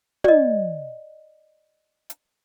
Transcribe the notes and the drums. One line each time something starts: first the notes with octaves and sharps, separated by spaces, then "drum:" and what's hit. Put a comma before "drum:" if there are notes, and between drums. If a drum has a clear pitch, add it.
D5 D#5, drum: tom
drum: hi-hat